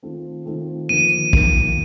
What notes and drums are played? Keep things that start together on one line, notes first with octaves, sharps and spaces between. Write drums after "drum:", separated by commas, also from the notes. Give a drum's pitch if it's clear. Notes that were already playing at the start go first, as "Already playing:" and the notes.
D#3 A3 C4 F4 A4
D#3 A3 C4 F4 A4
D#2 D3 F3 A#3 D#7
D#2 D3 F3 A#3, drum: kick